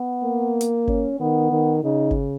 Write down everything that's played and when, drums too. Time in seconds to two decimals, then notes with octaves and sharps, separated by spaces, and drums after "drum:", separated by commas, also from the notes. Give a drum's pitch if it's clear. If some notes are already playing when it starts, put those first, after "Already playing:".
Already playing: B3
0.23 A#3
0.61 drum: hi-hat
0.87 C#4, drum: kick G1
1.20 D#3 B3
1.51 D#3
1.84 C#3 D#4
2.11 drum: kick G1